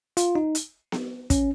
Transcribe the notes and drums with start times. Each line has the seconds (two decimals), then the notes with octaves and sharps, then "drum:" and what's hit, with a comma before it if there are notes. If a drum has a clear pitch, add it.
0.17 F4, drum: hi-hat
0.35 D#4
0.55 drum: hi-hat
0.92 drum: snare B3
1.30 C#4, drum: kick, hi-hat